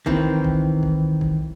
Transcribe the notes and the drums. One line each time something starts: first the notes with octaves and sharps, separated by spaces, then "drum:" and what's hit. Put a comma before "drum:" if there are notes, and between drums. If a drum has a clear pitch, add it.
D#3 E3 C4, drum: kick
drum: kick
drum: kick
drum: kick